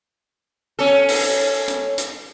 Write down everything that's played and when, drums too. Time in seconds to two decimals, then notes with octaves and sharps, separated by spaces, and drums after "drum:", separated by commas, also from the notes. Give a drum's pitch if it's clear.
0.79 C#4 A4
1.08 drum: open hi-hat
1.68 drum: hi-hat
1.98 drum: hi-hat